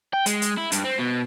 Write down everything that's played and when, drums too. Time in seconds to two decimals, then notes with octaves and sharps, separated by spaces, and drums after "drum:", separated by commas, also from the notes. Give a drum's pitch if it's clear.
0.13 G5
0.26 G#3, drum: hi-hat
0.42 drum: hi-hat
0.57 E4
0.72 G2, drum: hi-hat
0.84 C4
0.99 B2